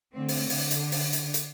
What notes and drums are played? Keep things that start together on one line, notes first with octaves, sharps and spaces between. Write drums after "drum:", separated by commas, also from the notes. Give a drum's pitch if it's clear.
D3 A3 C4
drum: open hi-hat
D3, drum: open hi-hat
drum: hi-hat
drum: open hi-hat
drum: hi-hat
drum: hi-hat